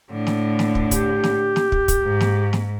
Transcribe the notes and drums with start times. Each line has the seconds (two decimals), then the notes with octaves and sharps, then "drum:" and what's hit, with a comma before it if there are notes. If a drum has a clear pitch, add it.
0.12 A2 D3
0.27 drum: snare
0.59 drum: snare
0.75 drum: kick
0.91 G4, drum: kick, hi-hat
1.24 drum: snare
1.56 drum: snare
1.72 drum: kick
1.88 drum: kick, hi-hat
2.02 G#2
2.20 drum: snare
2.53 drum: snare